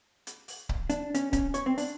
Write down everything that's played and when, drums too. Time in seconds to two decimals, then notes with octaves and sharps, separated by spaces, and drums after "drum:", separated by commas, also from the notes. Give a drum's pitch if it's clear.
0.27 drum: hi-hat
0.48 drum: open hi-hat
0.69 drum: kick C#1
0.90 D4, drum: hi-hat
1.15 C#4, drum: hi-hat
1.33 C#4, drum: kick C#1, hi-hat
1.54 C#5, drum: hi-hat
1.66 C4
1.78 D4, drum: open hi-hat